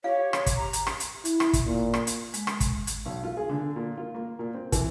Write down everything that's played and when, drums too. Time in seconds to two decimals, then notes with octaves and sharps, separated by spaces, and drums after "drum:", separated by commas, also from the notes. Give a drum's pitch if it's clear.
0.04 G4 C#5 F5
0.33 drum: rim click
0.46 drum: kick, hi-hat
0.57 A#5
0.73 drum: hi-hat
0.87 drum: rim click
1.00 drum: hi-hat
1.25 E4, drum: hi-hat
1.40 drum: rim click
1.53 drum: kick, hi-hat
1.66 A#2
1.94 drum: rim click
2.07 drum: hi-hat
2.34 G#3, drum: hi-hat
2.47 drum: rim click
2.60 drum: kick, hi-hat
2.87 drum: hi-hat
3.06 B1
3.23 F4
3.37 G#4
3.49 D3
3.76 A#2
3.97 F4
4.15 A#3
4.39 A#2
4.54 C4
4.72 E3, drum: kick, hi-hat